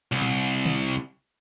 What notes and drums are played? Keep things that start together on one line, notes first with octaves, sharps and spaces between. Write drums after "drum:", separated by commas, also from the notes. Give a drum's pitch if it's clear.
C2
drum: tom A#2
drum: tom D3